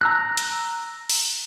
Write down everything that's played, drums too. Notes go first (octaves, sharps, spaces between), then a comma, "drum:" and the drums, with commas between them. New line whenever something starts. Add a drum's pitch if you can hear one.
A#5 E6 F#6
drum: hi-hat
drum: open hi-hat